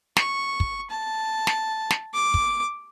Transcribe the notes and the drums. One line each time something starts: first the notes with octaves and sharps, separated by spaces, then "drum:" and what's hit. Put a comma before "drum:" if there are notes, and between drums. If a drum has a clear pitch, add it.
C#6, drum: snare
drum: kick
A5
drum: snare
drum: snare
D6
drum: kick